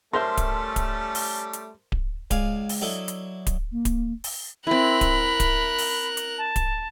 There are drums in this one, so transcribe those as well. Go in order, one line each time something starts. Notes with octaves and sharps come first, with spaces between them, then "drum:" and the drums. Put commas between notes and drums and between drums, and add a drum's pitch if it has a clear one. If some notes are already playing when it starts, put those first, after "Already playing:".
G3 A3 C#4 A#4 C5 E5 A5 C6
drum: kick D1, hi-hat
drum: kick D1, hi-hat
drum: open hi-hat
drum: hi-hat
drum: kick D1
C#2 D5 F5 G#5, drum: kick D1, hi-hat
drum: open hi-hat
F#3 D4 E4 A4 D#5
drum: hi-hat
drum: kick D1, hi-hat
A#3
drum: kick D1, hi-hat
drum: open hi-hat
C4 E4 A#4 B5 F#6
drum: kick D1, hi-hat
drum: kick D1, hi-hat
drum: open hi-hat
drum: hi-hat
A5
drum: kick D1, hi-hat